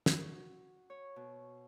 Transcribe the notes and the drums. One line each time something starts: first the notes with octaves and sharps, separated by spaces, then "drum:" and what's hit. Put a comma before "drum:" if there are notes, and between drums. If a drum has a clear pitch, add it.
F#4, drum: snare
C#5
B2